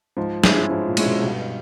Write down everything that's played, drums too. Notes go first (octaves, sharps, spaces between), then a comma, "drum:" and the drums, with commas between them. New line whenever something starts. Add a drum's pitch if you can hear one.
G#2 F3
G2 G#3 C#4 E4, drum: snare
G#2 F3
A#2
G#3 C#4 E4, drum: cymbal
B2
G2 B2